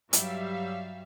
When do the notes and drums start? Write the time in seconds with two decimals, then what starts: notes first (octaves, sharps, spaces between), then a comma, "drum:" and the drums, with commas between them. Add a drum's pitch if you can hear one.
0.13 G2 F#3 G3 E5 F5, drum: hi-hat